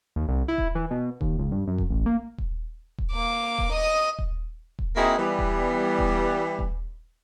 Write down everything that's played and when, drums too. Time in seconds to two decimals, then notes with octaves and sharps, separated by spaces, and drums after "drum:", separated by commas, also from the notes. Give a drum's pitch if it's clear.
0.16 D#2
0.28 C2
0.48 E4
0.58 drum: kick D#1
0.75 E3
0.91 B2
1.21 D#2, drum: kick D#1
1.39 C#2
1.52 G2
1.67 F#2
1.78 drum: kick D#1
1.90 A1
2.06 A#3
2.38 drum: kick D#1
2.98 drum: kick D#1
3.12 A#3 D6
3.58 drum: kick D#1
3.72 D#5 D#6
4.19 drum: kick D#1
4.79 drum: kick D#1
4.96 A#3 C4 D#4 E4 F#4 G#4
5.18 E3 G3 B3
5.39 drum: kick D#1
5.99 drum: kick D#1
6.59 drum: kick D#1